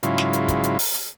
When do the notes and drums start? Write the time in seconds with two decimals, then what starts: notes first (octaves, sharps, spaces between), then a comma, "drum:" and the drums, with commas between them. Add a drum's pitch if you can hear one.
0.03 G#2 C#3 F#3 E4 F4, drum: hi-hat
0.18 drum: snare
0.33 drum: hi-hat
0.48 drum: kick, hi-hat
0.64 drum: hi-hat
0.79 drum: open hi-hat
0.94 drum: hi-hat